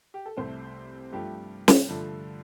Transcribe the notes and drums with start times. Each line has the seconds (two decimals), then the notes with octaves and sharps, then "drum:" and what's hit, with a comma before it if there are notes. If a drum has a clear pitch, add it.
0.14 G4
0.26 A4
0.37 C2 C3 A3 C5
1.13 G2 F3 A3 G4
1.68 drum: snare
1.89 G2 D3 F3 A3